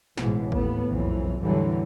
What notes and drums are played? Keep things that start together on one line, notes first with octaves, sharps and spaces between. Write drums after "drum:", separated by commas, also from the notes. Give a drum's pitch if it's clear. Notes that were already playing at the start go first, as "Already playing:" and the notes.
A1 G#2 B2 E3 G#3, drum: snare
D#2 A2 B3, drum: kick
F#1 B1 F2 E3
E2 A2 D3 E3 F#3 G3